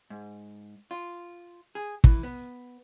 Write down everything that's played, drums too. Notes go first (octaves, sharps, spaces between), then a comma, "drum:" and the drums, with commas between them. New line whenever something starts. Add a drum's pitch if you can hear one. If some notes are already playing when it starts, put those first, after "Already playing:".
G#2
F4
G#4
E3, drum: kick
B3